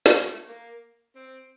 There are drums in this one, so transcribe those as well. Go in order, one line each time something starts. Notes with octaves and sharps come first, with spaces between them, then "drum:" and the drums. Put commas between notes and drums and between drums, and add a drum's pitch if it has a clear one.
drum: snare
G3
A3
A#3
C4